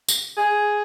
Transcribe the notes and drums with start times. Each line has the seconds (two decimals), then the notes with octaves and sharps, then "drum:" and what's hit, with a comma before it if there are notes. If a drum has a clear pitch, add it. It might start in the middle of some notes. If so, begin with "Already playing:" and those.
0.08 drum: tambourine
0.37 G#4